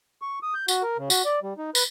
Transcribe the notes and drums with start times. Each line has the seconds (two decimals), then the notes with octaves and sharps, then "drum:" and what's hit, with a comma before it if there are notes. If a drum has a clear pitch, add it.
0.22 C#6
0.43 D#6
0.55 G6
0.68 F#4, drum: tambourine
0.83 A#4
0.98 C#3
1.10 F#4, drum: tambourine
1.25 D5
1.43 G3
1.58 D#4
1.75 B4, drum: tambourine